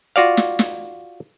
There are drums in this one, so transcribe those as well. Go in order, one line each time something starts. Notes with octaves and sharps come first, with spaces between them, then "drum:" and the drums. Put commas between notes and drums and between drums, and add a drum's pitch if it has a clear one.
F4 F#4 D5 F5
drum: snare
drum: snare